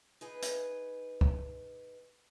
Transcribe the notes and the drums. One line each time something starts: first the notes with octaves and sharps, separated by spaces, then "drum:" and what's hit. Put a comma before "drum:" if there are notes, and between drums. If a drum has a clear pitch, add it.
D#4 G#4 B4
drum: hi-hat
drum: kick